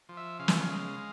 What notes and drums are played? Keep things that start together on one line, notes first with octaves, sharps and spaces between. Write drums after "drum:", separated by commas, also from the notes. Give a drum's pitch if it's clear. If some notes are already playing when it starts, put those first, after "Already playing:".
F3
E5
C#3 F5
E5, drum: snare
F5
G#3